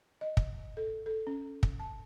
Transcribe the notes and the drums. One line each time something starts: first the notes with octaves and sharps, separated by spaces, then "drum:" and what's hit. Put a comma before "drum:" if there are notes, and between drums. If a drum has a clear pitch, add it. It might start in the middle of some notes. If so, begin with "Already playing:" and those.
D#5
drum: kick
A4
A4
C#4
drum: kick
A5